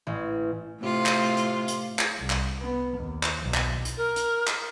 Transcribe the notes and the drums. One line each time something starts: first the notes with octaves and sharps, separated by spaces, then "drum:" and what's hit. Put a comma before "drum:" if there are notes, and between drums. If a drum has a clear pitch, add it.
A1
A2 C3 F4
drum: clap
drum: hi-hat
drum: hi-hat
drum: clap
C2
drum: clap
B3
D#2
drum: clap
B1
drum: clap
drum: hi-hat
A#4
drum: hi-hat
drum: clap